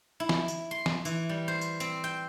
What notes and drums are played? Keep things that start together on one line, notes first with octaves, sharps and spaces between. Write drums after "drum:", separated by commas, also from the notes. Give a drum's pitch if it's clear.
E4
drum: snare
drum: tambourine
C6
drum: snare
E3, drum: tambourine
G3
C5
drum: tambourine
C4, drum: tambourine
G5